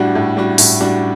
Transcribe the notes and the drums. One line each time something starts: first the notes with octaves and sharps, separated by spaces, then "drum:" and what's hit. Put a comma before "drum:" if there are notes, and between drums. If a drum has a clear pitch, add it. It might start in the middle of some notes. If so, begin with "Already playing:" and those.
Already playing: A2 G3 D4 F#4
A2
G3 D4 F#4
A2, drum: open hi-hat
G3 D4 F#4